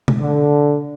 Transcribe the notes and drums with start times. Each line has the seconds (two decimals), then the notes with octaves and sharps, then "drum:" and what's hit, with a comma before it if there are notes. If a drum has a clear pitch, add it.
0.08 drum: tom B2
0.20 D3